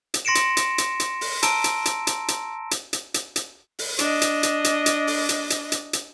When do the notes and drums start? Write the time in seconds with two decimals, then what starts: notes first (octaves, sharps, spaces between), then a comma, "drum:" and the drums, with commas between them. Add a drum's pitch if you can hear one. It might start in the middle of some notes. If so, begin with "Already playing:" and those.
0.14 drum: hi-hat
0.25 C6 A#6 C#7 D7 E7
0.35 drum: hi-hat
0.57 drum: hi-hat
0.78 drum: hi-hat
1.00 drum: hi-hat
1.21 drum: open hi-hat
1.43 A5 A#5 E6 D7, drum: hi-hat
1.64 drum: hi-hat
1.85 drum: hi-hat
2.07 drum: hi-hat
2.28 drum: hi-hat
2.71 drum: hi-hat
2.93 drum: hi-hat
3.14 drum: hi-hat
3.36 drum: hi-hat
3.79 drum: open hi-hat
3.99 D4 D#5, drum: hi-hat
4.22 drum: hi-hat
4.43 drum: hi-hat
4.64 drum: hi-hat
4.86 drum: hi-hat
5.07 drum: open hi-hat
5.29 drum: hi-hat
5.50 drum: hi-hat
5.72 drum: hi-hat
5.93 drum: hi-hat